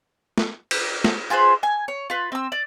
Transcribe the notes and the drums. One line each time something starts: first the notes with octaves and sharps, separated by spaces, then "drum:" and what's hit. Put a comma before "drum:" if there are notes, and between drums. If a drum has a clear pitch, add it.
drum: snare
drum: cymbal
drum: snare
F4 G#4 B4 C5
G#5
C#5
F4 B4
C4 E6
D5